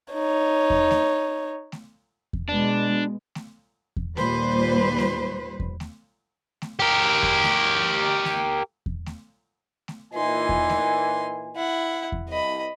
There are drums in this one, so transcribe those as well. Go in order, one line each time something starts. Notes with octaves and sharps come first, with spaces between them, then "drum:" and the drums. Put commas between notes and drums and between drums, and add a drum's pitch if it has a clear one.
D#4 C#5
drum: kick E2
drum: snare A3
drum: snare A3
drum: kick E2
B2 G#3 D4
drum: snare A3
drum: kick E2
D#2 A#2 G3 B4 C5, drum: snare A3
drum: snare A3
drum: kick E2
drum: snare A3
drum: snare A3
G4 A#4
drum: kick E2
drum: snare A3
drum: snare A3
drum: kick E2
drum: snare A3
drum: snare A3
A#2 E3 D#4 G#5 C6
drum: kick E2
drum: snare A3
E4 F#5
drum: kick E2
C2 D#5 B5